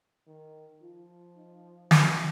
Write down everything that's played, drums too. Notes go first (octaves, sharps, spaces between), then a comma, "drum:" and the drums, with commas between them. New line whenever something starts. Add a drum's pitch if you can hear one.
D#3
F3 F4
D#4
C#4, drum: snare